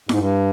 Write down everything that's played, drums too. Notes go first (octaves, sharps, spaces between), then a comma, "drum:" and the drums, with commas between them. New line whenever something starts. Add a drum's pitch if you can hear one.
G#2, drum: snare E4
G2